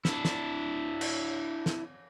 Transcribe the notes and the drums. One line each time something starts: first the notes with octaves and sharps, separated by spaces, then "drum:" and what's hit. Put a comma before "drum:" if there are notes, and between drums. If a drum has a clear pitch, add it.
D4 E4, drum: snare
drum: snare
drum: cymbal
drum: snare